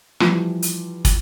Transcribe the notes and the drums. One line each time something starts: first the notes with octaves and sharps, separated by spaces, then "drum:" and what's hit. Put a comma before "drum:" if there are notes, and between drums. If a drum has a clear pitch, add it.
E3 F3 G3, drum: rim click
drum: hi-hat
drum: kick, hi-hat